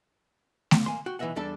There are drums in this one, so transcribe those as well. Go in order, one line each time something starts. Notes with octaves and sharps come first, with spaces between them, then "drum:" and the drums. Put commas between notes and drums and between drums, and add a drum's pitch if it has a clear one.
drum: snare A3
A#3 G#5 C6
F#4 G5
B1 E3 B4 D#5 E5 F#5
E2 G3 D4 A4